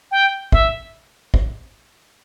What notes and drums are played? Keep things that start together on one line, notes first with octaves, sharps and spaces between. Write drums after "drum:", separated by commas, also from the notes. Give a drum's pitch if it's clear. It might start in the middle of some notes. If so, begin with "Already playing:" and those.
G5
E5, drum: kick
drum: kick